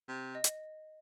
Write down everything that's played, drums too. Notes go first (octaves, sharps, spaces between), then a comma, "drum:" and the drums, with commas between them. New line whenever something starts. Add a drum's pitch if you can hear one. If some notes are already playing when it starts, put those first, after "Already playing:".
C3
D#5
drum: hi-hat